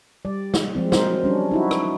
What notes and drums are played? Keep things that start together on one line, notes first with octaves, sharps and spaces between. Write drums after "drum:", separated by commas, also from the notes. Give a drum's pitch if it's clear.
G3 D5
drum: snare
F3 G#3 C4
F#3 A#4 C5, drum: snare
G3 C#4 D4
D#4 E4 F#4
drum: rim click